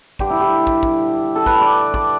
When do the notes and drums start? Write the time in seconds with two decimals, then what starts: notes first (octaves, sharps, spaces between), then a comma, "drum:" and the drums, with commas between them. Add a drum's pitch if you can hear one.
0.19 G2 D3 G4, drum: kick
0.30 E4
0.40 G4
0.67 drum: kick
0.83 drum: kick
1.36 A4
1.46 B4, drum: kick
1.61 D5
1.94 D5, drum: kick